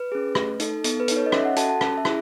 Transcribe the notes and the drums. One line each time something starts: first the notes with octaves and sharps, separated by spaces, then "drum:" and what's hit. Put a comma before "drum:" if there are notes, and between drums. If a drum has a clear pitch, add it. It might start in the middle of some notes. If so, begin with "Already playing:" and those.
Already playing: B4
C#4 G#4
A3, drum: rim click
D#4 A4, drum: hi-hat
B3 A4, drum: hi-hat
B4
D#4 A4, drum: hi-hat
C#5
D#5
C#4 E5, drum: rim click
F#5
F#4 A4 A5, drum: hi-hat
A5
C#4, drum: rim click
E5
E4 G#4, drum: rim click